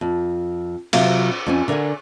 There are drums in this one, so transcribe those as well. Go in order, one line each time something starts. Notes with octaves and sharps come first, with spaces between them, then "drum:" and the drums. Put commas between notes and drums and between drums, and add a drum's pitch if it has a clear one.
F2
C3 F#3 F4 F5, drum: cymbal
F2 C#4 G#5
D3 A#4 F5 F#5 G#5